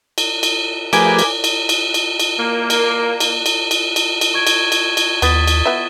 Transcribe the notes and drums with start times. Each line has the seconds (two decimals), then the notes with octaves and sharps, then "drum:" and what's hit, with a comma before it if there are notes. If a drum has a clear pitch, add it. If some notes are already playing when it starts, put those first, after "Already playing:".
0.18 drum: cymbal
0.43 drum: cymbal
0.93 F3 A3 G4 G#4 A#4 B4 G#5 D6, drum: cymbal
1.19 drum: cymbal
1.44 drum: cymbal
1.69 drum: cymbal
1.94 drum: cymbal
2.20 drum: cymbal
2.38 A#3
2.70 drum: cymbal
3.20 drum: cymbal
3.46 drum: cymbal
3.71 drum: cymbal
3.96 drum: cymbal
4.21 drum: cymbal
4.34 C#6 G#6 D7
4.47 drum: cymbal
4.72 drum: cymbal
4.97 drum: cymbal
5.22 D#2 B3 D#6 A6 B6, drum: cymbal
5.47 drum: cymbal
5.66 B3 E5